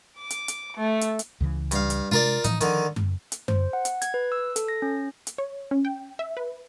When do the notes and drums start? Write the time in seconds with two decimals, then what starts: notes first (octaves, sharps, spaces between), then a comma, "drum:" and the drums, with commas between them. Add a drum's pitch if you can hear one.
0.17 D6
0.30 drum: hi-hat
0.48 drum: hi-hat
0.77 A3
1.01 drum: hi-hat
1.19 drum: hi-hat
1.40 C#2 C#3 E3
1.71 G2 F5, drum: hi-hat
1.90 drum: hi-hat
2.12 C3 G#3 D4 F4 A#4 D5
2.44 A2 E3 F3 D#4, drum: hi-hat
2.61 D3 D#3 F3, drum: hi-hat
2.96 drum: tom F#2
3.32 drum: hi-hat
3.48 C5, drum: tom F#2
3.73 F#5
3.85 drum: hi-hat
4.02 G#6, drum: hi-hat
4.14 B4
4.32 E6
4.56 A4, drum: hi-hat
4.68 A#6
4.82 C#4
5.27 drum: hi-hat
5.38 C#5
5.71 C#4
5.85 G5
6.19 E5
6.37 B4